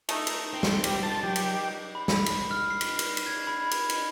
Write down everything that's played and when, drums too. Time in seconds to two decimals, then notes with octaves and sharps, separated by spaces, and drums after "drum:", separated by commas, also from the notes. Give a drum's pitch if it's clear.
0.09 A3 D#4, drum: cymbal
0.27 drum: cymbal
0.54 C5 G5
0.63 drum: snare
0.84 G3, drum: cymbal
1.03 F4 A5
1.23 F#3 G4
1.36 drum: cymbal
1.95 B5
2.08 drum: snare
2.26 drum: cymbal
2.51 F6
2.70 C7
2.81 drum: cymbal
2.99 drum: cymbal
3.17 drum: cymbal
3.26 G#6
3.47 B5
3.71 drum: cymbal
3.90 drum: cymbal